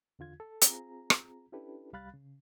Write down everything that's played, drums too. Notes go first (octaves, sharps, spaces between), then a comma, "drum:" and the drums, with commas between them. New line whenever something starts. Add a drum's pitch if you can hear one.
E2 D3 F4 G#6
A4
C4 F4 G#4 A#5, drum: hi-hat
drum: rim click
C#4 D4 E4 G4 A4 B4
C2 G3 F5 B5 F#6 A6
C#3